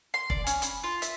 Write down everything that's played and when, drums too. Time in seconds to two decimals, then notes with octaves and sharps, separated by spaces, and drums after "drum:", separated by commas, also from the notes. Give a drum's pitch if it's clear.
0.14 C6
0.30 D5, drum: kick
0.47 C#4, drum: hi-hat
0.62 B5, drum: hi-hat
0.84 F4
1.02 E5, drum: hi-hat